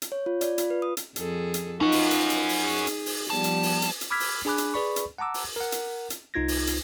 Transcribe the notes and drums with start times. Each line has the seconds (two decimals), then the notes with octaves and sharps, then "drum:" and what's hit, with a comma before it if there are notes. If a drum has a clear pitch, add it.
0.02 drum: hi-hat
0.12 C#5
0.26 F4
0.41 D5, drum: hi-hat
0.58 F4, drum: hi-hat
0.70 B4
0.82 D#6
0.97 drum: hi-hat
1.16 F2 G#4 A4, drum: hi-hat
1.54 drum: hi-hat
1.81 C#4 D#4 F4 F#4 B4
1.92 drum: open hi-hat
2.11 drum: hi-hat
2.30 drum: hi-hat
2.49 drum: open hi-hat
2.61 G#4
2.87 drum: hi-hat
3.06 drum: open hi-hat
3.30 F3 G3 B3 A5
3.44 drum: hi-hat
3.63 drum: open hi-hat
3.82 drum: hi-hat
4.01 drum: hi-hat
4.10 B5 D6 E6 F6 G#6 B6
4.20 drum: open hi-hat
4.45 D4 G#4 G#5 B5 D6 F#6
4.58 drum: hi-hat
4.74 G#4 B4 D5 B5 C#6
4.96 drum: hi-hat
5.18 F#5 A5 A#5 D6 E6
5.34 drum: open hi-hat
5.56 A#4 F#5
5.72 drum: hi-hat
6.10 drum: hi-hat
6.34 C2 D#4 F4 G#6 A#6
6.48 drum: open hi-hat
6.67 drum: hi-hat